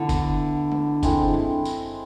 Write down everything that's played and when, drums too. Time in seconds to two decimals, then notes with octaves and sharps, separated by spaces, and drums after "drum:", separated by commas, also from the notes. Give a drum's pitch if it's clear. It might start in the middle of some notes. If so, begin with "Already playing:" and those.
Already playing: D3 B3 E4
0.09 drum: kick F#1, tambourine
0.72 drum: tom G#3
1.03 G#3 C4 E4 A4, drum: kick F#1, tambourine
1.34 drum: tom F#2
1.65 drum: tambourine